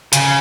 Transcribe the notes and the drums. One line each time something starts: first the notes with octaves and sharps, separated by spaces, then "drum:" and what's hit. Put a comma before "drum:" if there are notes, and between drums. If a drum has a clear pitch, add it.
C#3, drum: hi-hat